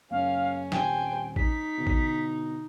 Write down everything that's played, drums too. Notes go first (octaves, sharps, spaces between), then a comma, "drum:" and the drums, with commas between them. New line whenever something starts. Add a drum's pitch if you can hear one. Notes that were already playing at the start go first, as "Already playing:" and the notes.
F#1 A#3 C#4 F5
D#1 G3 C4 C5 G5 G#5, drum: snare
D#4 B6, drum: kick A1
B2 D3
drum: kick A1